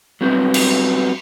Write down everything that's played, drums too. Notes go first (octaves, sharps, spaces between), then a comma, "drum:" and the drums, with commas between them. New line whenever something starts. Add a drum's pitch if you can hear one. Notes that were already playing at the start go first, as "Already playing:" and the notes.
F#3 G3 B3 C4 F#4
drum: cymbal